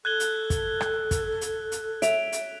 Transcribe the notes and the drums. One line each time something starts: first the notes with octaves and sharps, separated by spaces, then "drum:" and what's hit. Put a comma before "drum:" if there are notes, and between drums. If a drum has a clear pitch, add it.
A4 F#6 G#6 G7
drum: hi-hat
drum: kick, hi-hat
drum: rim click
drum: kick, hi-hat
drum: hi-hat
drum: hi-hat
E5 D7 F7, drum: hi-hat
drum: hi-hat